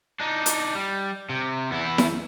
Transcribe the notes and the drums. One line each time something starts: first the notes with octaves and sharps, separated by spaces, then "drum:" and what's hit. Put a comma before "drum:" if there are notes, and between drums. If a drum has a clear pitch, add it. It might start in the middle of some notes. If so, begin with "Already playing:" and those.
D4 D#4
drum: hi-hat
G3
C3
E2 B3 E4
drum: snare E4